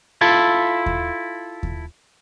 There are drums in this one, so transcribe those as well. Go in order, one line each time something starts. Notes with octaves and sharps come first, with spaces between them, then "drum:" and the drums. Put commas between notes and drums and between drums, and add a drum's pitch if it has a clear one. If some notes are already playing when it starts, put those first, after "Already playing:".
E4 F4 A4
drum: kick D#2
drum: kick D#2